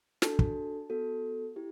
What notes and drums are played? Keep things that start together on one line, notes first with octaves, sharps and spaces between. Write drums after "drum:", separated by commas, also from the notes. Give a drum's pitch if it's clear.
D4 F#4 A4 A5, drum: snare
drum: kick
B3 F#4 A4
E4 G4